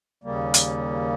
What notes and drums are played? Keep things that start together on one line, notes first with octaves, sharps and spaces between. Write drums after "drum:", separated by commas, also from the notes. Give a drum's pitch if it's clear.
D#2 C#3 G3 A#3
drum: hi-hat